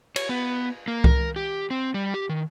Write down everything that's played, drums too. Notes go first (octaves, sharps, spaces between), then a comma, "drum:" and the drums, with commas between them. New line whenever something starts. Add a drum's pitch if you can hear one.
C#5, drum: cymbal
B3
A#3
A#4, drum: kick C2
G4
C4
G3
G4
D#3